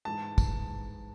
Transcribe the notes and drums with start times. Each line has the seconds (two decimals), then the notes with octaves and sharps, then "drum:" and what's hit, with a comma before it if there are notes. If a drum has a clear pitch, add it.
0.05 G#2 E3 G#3 A5
0.38 drum: kick, tambourine